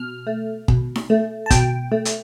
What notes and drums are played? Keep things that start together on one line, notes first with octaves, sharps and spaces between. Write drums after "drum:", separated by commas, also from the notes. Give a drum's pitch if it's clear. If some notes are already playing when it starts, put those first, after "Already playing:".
Already playing: B2 F6
A3
B2, drum: kick
drum: snare D#4
A3
A5
B2 G5, drum: kick, hi-hat
A3
drum: hi-hat